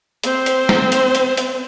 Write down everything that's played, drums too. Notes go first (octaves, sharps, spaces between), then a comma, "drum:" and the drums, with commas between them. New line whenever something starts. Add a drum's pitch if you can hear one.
C4 C5, drum: hi-hat
drum: hi-hat
drum: snare
drum: hi-hat
drum: hi-hat
drum: hi-hat